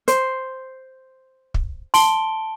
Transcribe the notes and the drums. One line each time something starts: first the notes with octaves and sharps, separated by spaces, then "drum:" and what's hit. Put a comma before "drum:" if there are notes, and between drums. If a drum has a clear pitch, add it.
C5, drum: hi-hat
drum: kick
A5 C6 D7 G7, drum: open hi-hat